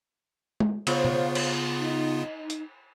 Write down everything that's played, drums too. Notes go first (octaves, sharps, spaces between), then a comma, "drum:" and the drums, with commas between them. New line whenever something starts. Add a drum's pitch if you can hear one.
drum: tom G#3
C#3 B3 F4 C5 C#5 F5, drum: cymbal
drum: tom B2
drum: cymbal
D#4
drum: hi-hat